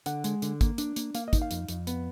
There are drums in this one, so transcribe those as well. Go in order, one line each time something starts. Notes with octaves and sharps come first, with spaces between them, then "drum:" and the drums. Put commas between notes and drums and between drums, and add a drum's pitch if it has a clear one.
D3 F#5, drum: hi-hat
G#3, drum: hi-hat
D3, drum: hi-hat
A#3, drum: kick, hi-hat
D4, drum: hi-hat
A#3, drum: hi-hat
A#3 F5, drum: hi-hat
D#5
D#4, drum: kick, hi-hat
F5
F2, drum: hi-hat
F2, drum: hi-hat
B3, drum: hi-hat